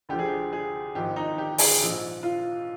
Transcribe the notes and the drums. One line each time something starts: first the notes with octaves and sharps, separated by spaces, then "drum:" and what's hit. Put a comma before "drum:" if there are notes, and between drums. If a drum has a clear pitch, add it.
D2 D3 F3 G4
G#4
G4
G#4
G#1 G#2 F3 G4
D#4
G4
G#4, drum: open hi-hat
A#1 G#2 F3
F4